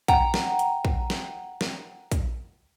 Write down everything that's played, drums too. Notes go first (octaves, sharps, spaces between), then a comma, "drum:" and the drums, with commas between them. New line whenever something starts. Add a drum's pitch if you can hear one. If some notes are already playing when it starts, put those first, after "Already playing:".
F#5 G5 A#5, drum: kick, hi-hat
drum: snare
drum: hi-hat
drum: kick
drum: snare
drum: snare
drum: kick, hi-hat